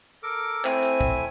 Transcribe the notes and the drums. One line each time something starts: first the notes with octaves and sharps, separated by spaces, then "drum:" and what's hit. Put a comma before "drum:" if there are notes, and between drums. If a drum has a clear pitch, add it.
A4 A#4 D6
A3 C4 E4 G#5, drum: clap
drum: hi-hat
drum: kick